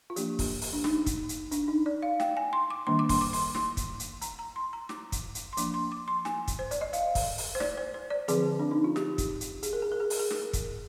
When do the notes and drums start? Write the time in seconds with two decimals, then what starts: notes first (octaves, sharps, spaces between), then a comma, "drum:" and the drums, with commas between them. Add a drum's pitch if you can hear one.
0.10 F4
0.16 F3 A#3 D4 G4, drum: hi-hat
0.39 drum: kick, open hi-hat
0.61 drum: open hi-hat
0.73 D4
0.84 D#4, drum: snare
1.06 drum: kick, hi-hat
1.29 drum: hi-hat
1.51 D4, drum: hi-hat
1.68 D#4
1.86 D5
2.03 F5
2.20 G5, drum: snare
2.37 G#5
2.53 C6
2.70 D6
2.87 D#3 G3 A#3 D4 C6
2.99 D6
3.09 C6, drum: kick, open hi-hat
3.21 D6
3.33 C6, drum: open hi-hat
3.55 C6, drum: snare
3.77 drum: kick, hi-hat
4.00 drum: hi-hat
4.22 A#5, drum: hi-hat
4.39 A#5
4.56 C6
4.73 A#5
4.89 D6, drum: snare
5.12 drum: kick, hi-hat
5.35 drum: hi-hat
5.53 C6
5.57 F3 A#3 D4 D6, drum: hi-hat
5.74 C6
5.92 D6
6.08 C6
6.25 G#5, drum: snare
6.48 drum: kick, hi-hat
6.59 C5
6.71 D5, drum: hi-hat
6.81 D#5
6.93 F5, drum: hi-hat
7.15 drum: kick, open hi-hat
7.38 drum: open hi-hat
7.55 C5
7.60 D5, drum: snare
7.77 C5
7.94 C5
8.10 D5
8.28 D3 F3 C4 G#4, drum: hi-hat
8.59 D4
8.71 D#4
8.84 F4
8.96 G4, drum: snare
9.18 drum: kick, hi-hat
9.41 drum: hi-hat
9.63 G#4, drum: hi-hat
9.73 A#4
9.82 G#4
9.92 A#4
10.00 G#4
10.10 A#4, drum: open hi-hat
10.19 G#4
10.31 A#4, drum: snare
10.53 drum: kick, hi-hat